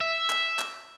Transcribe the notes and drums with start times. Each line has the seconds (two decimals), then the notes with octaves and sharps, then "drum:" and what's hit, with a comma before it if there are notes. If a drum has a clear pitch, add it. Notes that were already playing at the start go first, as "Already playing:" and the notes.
0.01 E5
0.30 drum: clap
0.59 drum: clap